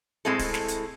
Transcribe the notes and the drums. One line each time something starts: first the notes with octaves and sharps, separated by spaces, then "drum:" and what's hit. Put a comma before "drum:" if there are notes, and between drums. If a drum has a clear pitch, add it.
A2 G#3 C4 E4 A4
drum: kick D1, open hi-hat
drum: snare
drum: hi-hat